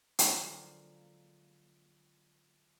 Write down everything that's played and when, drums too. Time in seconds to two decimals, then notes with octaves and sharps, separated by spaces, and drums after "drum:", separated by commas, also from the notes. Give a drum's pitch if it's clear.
0.19 D3 F3 F#3 G#3 A#3, drum: hi-hat